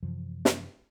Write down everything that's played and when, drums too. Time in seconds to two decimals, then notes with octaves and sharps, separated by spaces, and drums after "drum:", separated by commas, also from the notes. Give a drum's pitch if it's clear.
0.03 F#2 C3 E3 F3
0.45 drum: snare